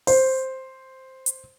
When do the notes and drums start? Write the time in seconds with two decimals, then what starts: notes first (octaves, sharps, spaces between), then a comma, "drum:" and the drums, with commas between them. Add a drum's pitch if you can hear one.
0.07 C5, drum: open hi-hat
1.26 drum: hi-hat